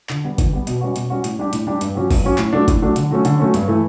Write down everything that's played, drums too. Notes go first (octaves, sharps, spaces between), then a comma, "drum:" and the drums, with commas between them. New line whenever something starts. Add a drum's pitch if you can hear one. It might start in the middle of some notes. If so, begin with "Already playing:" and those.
D3, drum: clap
G3 B3
D3, drum: kick F#1, hi-hat
G3 B3
B2, drum: hi-hat
G3 C#4 F#4
B2, drum: hi-hat
G3 C#4 F#4
A2, drum: hi-hat
G3 D4 G4
A2, drum: hi-hat
G3 D4 G4
G2, drum: hi-hat
F#3 C#4 G4
G2, drum: kick F#1, open hi-hat
F#3 C#4 G4
A2, drum: clap
F#3 A3 D4
A2, drum: kick F#1, hi-hat
F#3 A3 D4
D3, drum: hi-hat
F#3 A3 C#4
D3, drum: hi-hat
F#3 A3 C#4
G2, drum: hi-hat
E3 A3